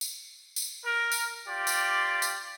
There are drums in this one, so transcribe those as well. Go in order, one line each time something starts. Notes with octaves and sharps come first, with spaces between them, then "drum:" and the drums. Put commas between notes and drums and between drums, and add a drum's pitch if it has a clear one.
drum: tambourine
drum: tambourine
A#4
drum: tambourine
F4 G4 D5
drum: tambourine
drum: tambourine